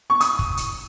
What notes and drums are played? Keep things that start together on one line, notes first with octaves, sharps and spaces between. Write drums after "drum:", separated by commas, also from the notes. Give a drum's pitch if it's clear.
C#6
D#6, drum: hi-hat
drum: kick
drum: hi-hat